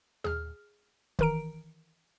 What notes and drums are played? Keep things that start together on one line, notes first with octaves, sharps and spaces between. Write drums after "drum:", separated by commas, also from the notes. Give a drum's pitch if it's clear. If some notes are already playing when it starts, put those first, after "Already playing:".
G#4 F6, drum: tom D#2
D#3 E3 A#4 A#5 D7, drum: kick C#1